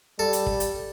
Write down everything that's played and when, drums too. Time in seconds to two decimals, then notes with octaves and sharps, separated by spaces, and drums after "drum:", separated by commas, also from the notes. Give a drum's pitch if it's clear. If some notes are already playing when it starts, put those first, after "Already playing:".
0.19 G3 A4
0.33 drum: hi-hat
0.46 drum: kick
0.60 drum: hi-hat